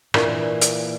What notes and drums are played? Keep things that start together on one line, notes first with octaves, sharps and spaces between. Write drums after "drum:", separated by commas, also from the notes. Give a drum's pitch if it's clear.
A#2 E3 A#3 D4, drum: rim click
drum: hi-hat